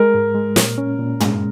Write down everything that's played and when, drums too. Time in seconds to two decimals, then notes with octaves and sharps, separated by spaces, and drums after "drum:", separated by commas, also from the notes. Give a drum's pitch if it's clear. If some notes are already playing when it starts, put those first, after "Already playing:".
Already playing: G#3 A#4
0.14 G#2
0.35 G#3
0.56 A#2, drum: snare
0.78 C#4
0.99 A#2
1.20 G#3, drum: tom